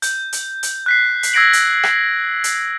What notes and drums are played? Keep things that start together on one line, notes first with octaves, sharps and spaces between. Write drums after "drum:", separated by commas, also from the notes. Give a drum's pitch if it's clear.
G6, drum: hi-hat
drum: hi-hat
drum: hi-hat
F#6 B6 C7
drum: hi-hat
E6 G#6 A#6 C7 D7 F#7
drum: hi-hat
drum: rim click
drum: hi-hat